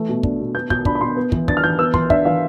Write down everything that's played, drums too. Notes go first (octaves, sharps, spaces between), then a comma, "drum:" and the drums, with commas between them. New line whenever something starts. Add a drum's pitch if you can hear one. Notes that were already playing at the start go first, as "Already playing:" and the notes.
Already playing: E3 A3
B2
D4, drum: kick
B2
B3 G6
B2 G6, drum: kick
D4 B5, drum: kick
B5
B2 C6
B3
E3, drum: kick
D4 A6, drum: kick
F6
E3 G6
B3 E6
E3 C6, drum: kick
D4 E5, drum: kick
E3 F5